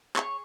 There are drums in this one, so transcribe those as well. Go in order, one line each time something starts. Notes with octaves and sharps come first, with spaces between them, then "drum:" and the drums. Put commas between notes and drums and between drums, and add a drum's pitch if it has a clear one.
G#4 C#5 C#6, drum: clap